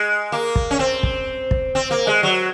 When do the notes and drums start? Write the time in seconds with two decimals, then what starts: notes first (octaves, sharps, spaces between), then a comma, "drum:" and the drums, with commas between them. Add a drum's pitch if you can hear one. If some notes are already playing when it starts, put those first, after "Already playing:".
Already playing: G#3
0.32 A#3
0.56 drum: kick
0.71 C#4
0.79 C4
1.03 drum: kick
1.51 drum: kick
1.75 C4
1.91 A#3
2.07 G#3
2.23 F#3